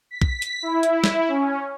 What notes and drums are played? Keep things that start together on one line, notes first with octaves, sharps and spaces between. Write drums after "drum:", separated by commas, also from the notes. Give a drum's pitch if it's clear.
B6
drum: kick B1
drum: hi-hat
E4
drum: hi-hat
drum: snare
C#4